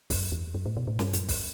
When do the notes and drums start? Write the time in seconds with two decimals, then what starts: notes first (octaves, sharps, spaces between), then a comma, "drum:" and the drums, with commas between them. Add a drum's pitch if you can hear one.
0.10 F#2, drum: kick, open hi-hat
0.32 E2
0.55 F#2
0.66 A2
0.77 B2
0.87 A2
0.99 G2, drum: snare
1.13 F#2, drum: hi-hat
1.29 drum: kick, open hi-hat